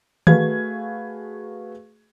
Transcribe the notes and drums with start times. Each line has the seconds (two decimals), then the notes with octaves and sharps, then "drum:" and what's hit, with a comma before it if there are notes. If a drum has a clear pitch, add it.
0.27 A3 F#4 G#4 B4 F5 G#6, drum: tom D#3